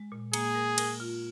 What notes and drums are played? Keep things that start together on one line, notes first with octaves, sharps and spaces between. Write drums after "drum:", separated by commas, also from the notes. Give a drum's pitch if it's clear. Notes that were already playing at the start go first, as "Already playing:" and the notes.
Already playing: G#3
A#2
A#3 G#4, drum: cymbal
A#4
A#4, drum: cymbal
F4